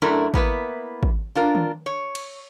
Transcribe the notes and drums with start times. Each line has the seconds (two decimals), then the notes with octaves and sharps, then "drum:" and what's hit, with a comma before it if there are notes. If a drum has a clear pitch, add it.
0.02 F#2 A3 D4 E4 A#4
0.34 A#3 B3 E4 B4, drum: kick
1.03 drum: kick
1.35 D4 F4 A#4
1.55 drum: tom D#3
1.86 C#5
2.15 drum: cymbal